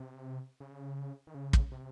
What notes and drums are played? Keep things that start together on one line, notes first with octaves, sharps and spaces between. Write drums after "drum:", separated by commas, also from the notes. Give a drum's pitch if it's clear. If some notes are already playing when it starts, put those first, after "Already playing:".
Already playing: C3
C#3
D#3
C#3
drum: kick
C3